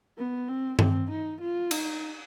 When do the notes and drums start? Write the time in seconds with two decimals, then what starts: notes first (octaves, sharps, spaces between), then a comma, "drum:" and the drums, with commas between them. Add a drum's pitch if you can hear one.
0.18 B3
0.49 C4
0.79 C4, drum: tom G2
1.10 D#4
1.41 F4
1.71 D#4, drum: cymbal